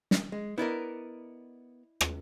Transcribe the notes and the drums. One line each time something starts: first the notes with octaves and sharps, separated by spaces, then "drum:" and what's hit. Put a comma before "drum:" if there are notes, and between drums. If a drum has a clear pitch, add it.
drum: snare
G#3
B3 E4 A#4 D5 D#5
drum: rim click